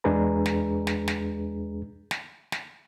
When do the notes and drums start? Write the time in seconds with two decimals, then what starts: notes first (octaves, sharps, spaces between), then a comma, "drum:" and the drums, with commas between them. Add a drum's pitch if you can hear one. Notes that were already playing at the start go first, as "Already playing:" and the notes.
0.04 E2 G#3 D4 G#4 B4 A#5
0.46 drum: snare
0.87 drum: snare
1.08 drum: snare
2.11 drum: snare
2.52 drum: snare